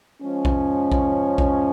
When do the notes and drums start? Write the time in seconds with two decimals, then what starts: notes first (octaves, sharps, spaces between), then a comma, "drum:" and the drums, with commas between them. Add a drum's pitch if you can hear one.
0.21 F3 G#3 C#4
0.45 drum: kick B1
0.92 drum: kick B1
1.38 drum: kick B1